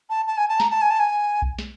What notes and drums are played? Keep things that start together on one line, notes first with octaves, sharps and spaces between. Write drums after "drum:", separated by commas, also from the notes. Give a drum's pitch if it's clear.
A5
A5
G#5
A5
A#5, drum: snare
A5
G#5
A5
G#5
drum: kick B1
drum: snare